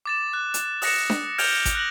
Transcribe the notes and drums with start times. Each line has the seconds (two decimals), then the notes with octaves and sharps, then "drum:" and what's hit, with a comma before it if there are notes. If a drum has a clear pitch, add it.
0.06 D6 A6 E7
0.33 F#6
0.54 drum: hi-hat
0.82 D#6 F#6 A#6 C#7 E7, drum: open hi-hat
1.10 drum: snare D4
1.38 F6 G6 G#6 D7 F7 G7, drum: open hi-hat
1.65 drum: kick G#1, hi-hat
1.75 F#6 A#6 F#7